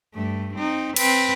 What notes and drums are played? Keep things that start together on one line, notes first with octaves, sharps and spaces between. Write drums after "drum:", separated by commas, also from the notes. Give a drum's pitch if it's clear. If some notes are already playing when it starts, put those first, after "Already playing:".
G2 A3
C4 D#4
C4 B4, drum: cymbal